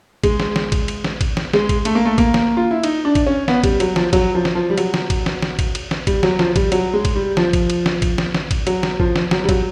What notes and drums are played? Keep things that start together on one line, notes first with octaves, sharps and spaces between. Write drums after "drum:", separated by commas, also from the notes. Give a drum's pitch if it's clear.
G#3, drum: kick, cymbal
drum: snare
drum: snare
drum: kick, cymbal
drum: cymbal
drum: snare
drum: kick, cymbal
drum: snare
G#3, drum: snare
drum: kick, cymbal
A3, drum: cymbal
A#3
A3
A#3, drum: kick, cymbal
drum: snare
F4
E4
D#4, drum: cymbal
D4
drum: kick, cymbal
C#4
B3, drum: snare
G3, drum: kick, cymbal
F#3, drum: cymbal
F3, drum: snare
F#3, drum: kick, cymbal
F3
drum: snare
F3
G3
F#3, drum: cymbal
drum: snare
drum: kick, cymbal
drum: snare
drum: snare
drum: kick, cymbal
drum: cymbal
drum: snare
G3, drum: kick, cymbal
F#3, drum: snare
F3, drum: snare
G3, drum: kick, cymbal
F#3, drum: cymbal
G#3
drum: kick, cymbal
G3
F3, drum: snare
drum: kick, cymbal
drum: cymbal
drum: snare
drum: kick, cymbal
drum: snare
drum: snare
drum: kick, cymbal
F#3, drum: cymbal
drum: snare
F3, drum: kick
drum: snare
F#3, drum: snare
G3
F#3, drum: kick, cymbal